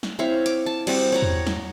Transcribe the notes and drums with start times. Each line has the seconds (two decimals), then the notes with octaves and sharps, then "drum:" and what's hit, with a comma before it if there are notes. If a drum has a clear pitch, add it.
0.03 drum: snare
0.19 C4 E4 C#5 F5
0.46 D6, drum: hi-hat
0.66 A5
0.87 G3 C4 F#4 F#5, drum: cymbal
1.12 C#5 F#5 A#5
1.22 drum: tom E2
1.47 drum: snare